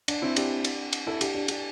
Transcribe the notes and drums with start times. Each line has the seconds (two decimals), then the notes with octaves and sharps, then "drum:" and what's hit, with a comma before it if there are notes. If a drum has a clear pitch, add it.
0.08 D4, drum: cymbal
0.22 C4 E4
0.36 D4 G4, drum: cymbal
0.64 drum: cymbal
0.93 drum: cymbal
1.07 E4 A4
1.21 D4 G4, drum: cymbal
1.35 D4 G4
1.48 D4 G4, drum: cymbal